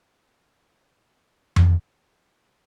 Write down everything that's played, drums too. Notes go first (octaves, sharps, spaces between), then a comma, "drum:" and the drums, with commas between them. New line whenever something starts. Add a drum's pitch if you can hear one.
G#1 E2 B3
drum: tom F2